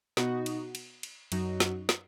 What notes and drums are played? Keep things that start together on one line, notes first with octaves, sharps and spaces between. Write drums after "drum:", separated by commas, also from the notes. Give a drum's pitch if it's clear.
B2 B3 D#4 F#4, drum: snare
drum: cymbal
drum: cymbal
drum: cymbal
F#2 F#3 D#4 F#4, drum: cymbal
drum: snare
drum: snare